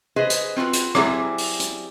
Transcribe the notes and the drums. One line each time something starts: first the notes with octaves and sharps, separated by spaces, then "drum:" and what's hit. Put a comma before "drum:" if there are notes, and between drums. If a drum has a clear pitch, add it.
G#4 B4 C5 D#5
drum: hi-hat
C4 F4 F#4 B4
drum: hi-hat
F#3 G3 C4 E4 G#4, drum: rim click
drum: open hi-hat
drum: hi-hat